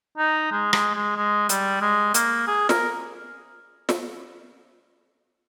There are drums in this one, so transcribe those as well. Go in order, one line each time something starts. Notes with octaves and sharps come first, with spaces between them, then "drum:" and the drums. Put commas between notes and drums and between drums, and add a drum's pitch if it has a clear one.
D#4
G#3
G#3, drum: rim click
G#3
G#3
G3, drum: hi-hat
G#3
A#3, drum: hi-hat
G#4
A#4, drum: snare
drum: snare